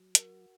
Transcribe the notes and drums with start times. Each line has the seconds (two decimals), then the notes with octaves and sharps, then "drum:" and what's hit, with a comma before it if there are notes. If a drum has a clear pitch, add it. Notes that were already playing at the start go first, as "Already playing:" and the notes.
Already playing: F#3
0.15 F#4 A#4, drum: hi-hat